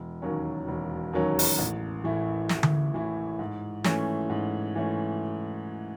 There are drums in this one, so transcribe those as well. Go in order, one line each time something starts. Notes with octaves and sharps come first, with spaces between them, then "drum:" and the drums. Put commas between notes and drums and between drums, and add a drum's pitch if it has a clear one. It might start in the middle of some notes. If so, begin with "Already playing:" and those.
Already playing: E1
D#2 D#3 F#3 C#4
E1
D#2 D#3 F#3 C#4
drum: open hi-hat
A1
A2 E3 A3 E4
A1, drum: snare
drum: tom D3
A2 E3 A3 E4
G#2
E3 A3 C#4, drum: snare
G#2
E3 A3 C#4